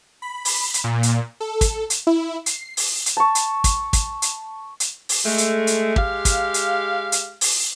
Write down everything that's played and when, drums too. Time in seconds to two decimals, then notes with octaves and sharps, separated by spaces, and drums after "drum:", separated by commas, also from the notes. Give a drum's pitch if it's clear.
0.22 B5
0.45 drum: open hi-hat
0.74 drum: hi-hat
0.84 A#2
1.03 drum: hi-hat
1.40 A4
1.61 drum: kick, hi-hat
1.90 drum: hi-hat
2.07 E4
2.46 C7, drum: hi-hat
2.77 drum: open hi-hat
3.06 drum: hi-hat
3.17 A5 C#6
3.35 drum: hi-hat
3.64 drum: kick, hi-hat
3.93 drum: kick, hi-hat
4.22 drum: hi-hat
4.80 drum: hi-hat
5.09 drum: open hi-hat
5.25 G#3 A3
5.38 drum: hi-hat
5.67 drum: hi-hat
5.96 G#3 G4 F5, drum: kick
6.25 drum: kick, hi-hat
6.54 drum: hi-hat
7.12 drum: hi-hat
7.41 drum: open hi-hat